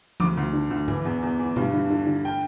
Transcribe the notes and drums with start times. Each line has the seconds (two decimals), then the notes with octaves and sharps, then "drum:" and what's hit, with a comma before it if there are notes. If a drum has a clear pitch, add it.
0.20 D2 D6, drum: tom E3
0.37 D2
0.53 D3
0.70 D2
0.88 E3, drum: tom G#2
1.05 E2
1.22 E2
1.39 E3
1.56 G2, drum: tom B2
1.73 D3
1.90 D3
2.07 D3
2.25 G5